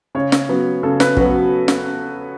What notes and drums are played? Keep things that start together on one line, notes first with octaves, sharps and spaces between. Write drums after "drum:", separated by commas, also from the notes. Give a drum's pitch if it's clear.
C#3 C#5
drum: snare
F#3 B3
C#3 A4
B4, drum: snare
F#3 B3 F#4, drum: kick
drum: snare